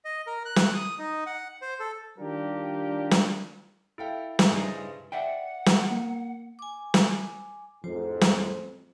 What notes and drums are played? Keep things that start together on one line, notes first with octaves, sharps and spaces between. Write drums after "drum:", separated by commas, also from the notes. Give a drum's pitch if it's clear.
D#5
A#4
F#6
drum: snare
D#6
D#4
F#5
C5
A4
D#3 G3 D4 F4 G4 A#4
drum: snare
E4 A4 E5 F5 G5
drum: snare
G2 C#3 D#4 G#4 C5
D5 E5 F#5 G5
drum: snare
A#3
G#5 D6
drum: snare
A1 F2 G#2 F3 C5
drum: snare